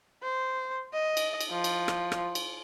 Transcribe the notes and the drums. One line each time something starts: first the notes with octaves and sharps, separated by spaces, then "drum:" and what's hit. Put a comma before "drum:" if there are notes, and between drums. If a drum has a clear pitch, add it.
C5
D#5
drum: cymbal
drum: cymbal
F3
drum: cymbal
drum: rim click
drum: rim click
drum: cymbal